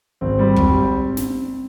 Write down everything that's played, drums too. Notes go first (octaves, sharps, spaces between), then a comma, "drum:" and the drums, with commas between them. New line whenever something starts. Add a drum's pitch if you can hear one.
G#1 C4
G3
G#1, drum: kick
drum: snare